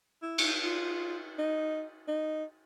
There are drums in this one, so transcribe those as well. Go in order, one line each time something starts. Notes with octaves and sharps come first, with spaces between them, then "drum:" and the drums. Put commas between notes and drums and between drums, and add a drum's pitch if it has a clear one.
E4
drum: cymbal
F4
D#4
D#4